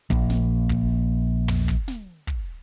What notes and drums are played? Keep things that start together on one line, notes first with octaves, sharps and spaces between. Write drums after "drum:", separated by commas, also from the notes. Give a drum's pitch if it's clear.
A#1 A#3, drum: kick
drum: snare
drum: kick
drum: tom
drum: kick
drum: snare
drum: kick